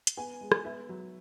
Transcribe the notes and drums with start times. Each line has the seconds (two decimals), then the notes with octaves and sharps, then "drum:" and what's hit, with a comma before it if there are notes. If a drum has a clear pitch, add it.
0.07 drum: hi-hat
0.17 B3 G#5
0.41 G#3
0.52 drum: rim click
0.65 B3 E5
0.89 F#3